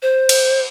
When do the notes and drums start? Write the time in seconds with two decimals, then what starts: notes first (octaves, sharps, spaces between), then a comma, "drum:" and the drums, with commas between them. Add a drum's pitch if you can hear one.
0.02 C5
0.29 drum: cymbal